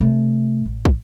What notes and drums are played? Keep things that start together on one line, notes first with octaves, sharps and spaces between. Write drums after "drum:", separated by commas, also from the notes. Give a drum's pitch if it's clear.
C3 A3
A1
drum: kick